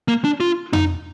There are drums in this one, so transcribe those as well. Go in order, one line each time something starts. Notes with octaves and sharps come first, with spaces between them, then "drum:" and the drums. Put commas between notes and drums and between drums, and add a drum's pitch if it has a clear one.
A#3
D4
F4
D#4, drum: tom F2